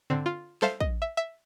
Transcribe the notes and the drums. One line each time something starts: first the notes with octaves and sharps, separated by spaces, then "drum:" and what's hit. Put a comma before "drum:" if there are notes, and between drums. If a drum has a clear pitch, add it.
D3 C4, drum: tom
F4
A4 C5 E5 F5, drum: snare
D#5, drum: kick
E5
E5